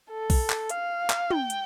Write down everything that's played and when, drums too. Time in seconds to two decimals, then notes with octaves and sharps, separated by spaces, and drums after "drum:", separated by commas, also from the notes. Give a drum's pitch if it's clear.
0.10 A4
0.30 drum: kick B1, open hi-hat
0.50 drum: clap
0.69 F5, drum: hi-hat
1.10 drum: clap
1.31 G5, drum: tom
1.50 drum: hi-hat